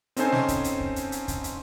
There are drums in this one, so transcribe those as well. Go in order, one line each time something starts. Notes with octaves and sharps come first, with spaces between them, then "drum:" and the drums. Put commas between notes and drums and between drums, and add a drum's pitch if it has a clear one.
C4 C#4 D#4 A4 C5 G#5, drum: hi-hat
drum: snare
drum: kick, hi-hat
drum: hi-hat
drum: kick
drum: hi-hat
drum: hi-hat
drum: kick, hi-hat
drum: hi-hat